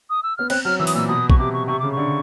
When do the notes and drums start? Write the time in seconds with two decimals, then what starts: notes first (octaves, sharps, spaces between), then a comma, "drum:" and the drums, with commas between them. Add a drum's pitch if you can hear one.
0.10 D#6
0.23 E6
0.37 B3 F6
0.50 C4 F#6, drum: cymbal
0.65 F#3 F6
0.79 E3 E6
0.87 D#6, drum: open hi-hat
0.94 A#2 E6
1.08 B2 D#6
1.30 C#6, drum: kick A#1
1.39 C3 D6
1.54 C#6
1.67 C3 C#6
1.79 C#3 D6
1.92 D3 C#6